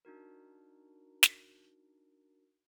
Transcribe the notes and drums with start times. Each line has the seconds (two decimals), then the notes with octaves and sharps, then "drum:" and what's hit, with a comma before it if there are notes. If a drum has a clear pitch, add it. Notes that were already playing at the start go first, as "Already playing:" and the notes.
0.05 D4 D#4 F#4 A#4
1.23 drum: snare